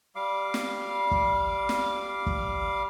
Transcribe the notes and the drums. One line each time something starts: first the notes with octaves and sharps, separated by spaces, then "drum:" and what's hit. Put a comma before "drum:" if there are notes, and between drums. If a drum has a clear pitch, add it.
G3 F5 D6
drum: snare
drum: kick
drum: snare
drum: kick